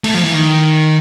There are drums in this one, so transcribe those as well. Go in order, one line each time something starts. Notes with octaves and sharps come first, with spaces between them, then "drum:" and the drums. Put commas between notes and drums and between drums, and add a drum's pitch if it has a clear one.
A3, drum: cymbal
F3
E3
D#3